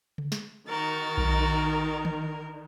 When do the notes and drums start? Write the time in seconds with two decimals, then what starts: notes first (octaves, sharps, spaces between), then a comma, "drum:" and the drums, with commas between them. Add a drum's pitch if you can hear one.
0.18 drum: tom C#3
0.32 drum: snare
0.69 D#3 F#4 A#4 A6
1.18 drum: kick B1
2.05 drum: tom D#3